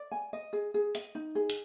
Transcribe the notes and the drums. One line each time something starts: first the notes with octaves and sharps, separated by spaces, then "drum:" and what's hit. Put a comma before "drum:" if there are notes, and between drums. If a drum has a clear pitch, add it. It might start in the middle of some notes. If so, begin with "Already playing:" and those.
Already playing: D5
G#5
D#5
G#4
G#4
D#5, drum: hi-hat
D#4
G#4
drum: hi-hat